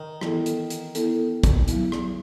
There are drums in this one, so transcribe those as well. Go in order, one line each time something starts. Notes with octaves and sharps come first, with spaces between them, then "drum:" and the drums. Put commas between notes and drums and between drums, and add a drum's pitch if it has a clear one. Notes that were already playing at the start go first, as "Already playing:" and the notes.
Already playing: D#3
E3 B3 E4 A4, drum: rim click
drum: hi-hat
drum: hi-hat
B3 E4 A4, drum: hi-hat
drum: kick, hi-hat
F#3 B3 E4, drum: hi-hat
drum: rim click